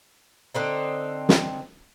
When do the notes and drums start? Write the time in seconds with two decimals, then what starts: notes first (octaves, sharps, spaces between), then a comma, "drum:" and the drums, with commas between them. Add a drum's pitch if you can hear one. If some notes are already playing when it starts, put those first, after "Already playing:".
0.54 D3 C4 D#4
1.29 drum: snare